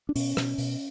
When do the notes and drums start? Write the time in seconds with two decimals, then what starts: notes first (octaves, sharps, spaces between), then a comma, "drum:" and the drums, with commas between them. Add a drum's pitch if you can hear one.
0.09 D4
0.15 B2 C#4, drum: open hi-hat
0.37 B2, drum: rim click
0.58 B2, drum: open hi-hat